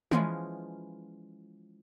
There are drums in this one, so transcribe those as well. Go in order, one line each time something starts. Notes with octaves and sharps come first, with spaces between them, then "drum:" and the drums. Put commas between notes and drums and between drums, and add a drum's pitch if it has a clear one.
E3 F3 G#3 B3 C#4 F4, drum: tom G#3